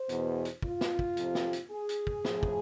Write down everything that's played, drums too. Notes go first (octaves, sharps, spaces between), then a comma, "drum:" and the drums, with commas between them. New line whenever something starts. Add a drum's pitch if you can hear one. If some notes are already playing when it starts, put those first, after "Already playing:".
Already playing: C5
E2 B2, drum: hi-hat
drum: hi-hat
F4, drum: kick
drum: snare
drum: kick
F2 C3 F3, drum: hi-hat
drum: snare
drum: hi-hat
G#4
drum: hi-hat
drum: kick
A2 F3, drum: snare
drum: kick